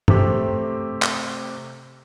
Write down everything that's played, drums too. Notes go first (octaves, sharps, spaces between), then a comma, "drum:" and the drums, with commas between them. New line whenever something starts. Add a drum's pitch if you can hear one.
C3 A3 C4 G4, drum: tom
drum: clap